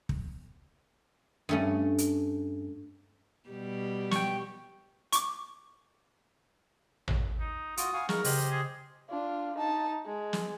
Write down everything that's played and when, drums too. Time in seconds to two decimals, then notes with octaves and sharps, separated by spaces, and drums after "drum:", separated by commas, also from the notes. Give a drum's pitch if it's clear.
0.09 drum: kick
1.49 G2 A3 C#4
1.98 drum: hi-hat
3.49 B2 G3 G4
4.11 G5 C#6, drum: snare
5.12 C#6 D6, drum: hi-hat
7.08 drum: tom A1
7.40 D#4
7.77 F4 F#4 D#6, drum: hi-hat
7.94 F5 F#5 G#5 B5 C#6
8.09 D#4 G#4 A#4 C#6, drum: snare
8.24 C#3 G4 C5 D#5, drum: open hi-hat
8.50 G#4
9.09 D4 F4
9.55 D#4 A5
10.05 G#3
10.33 drum: snare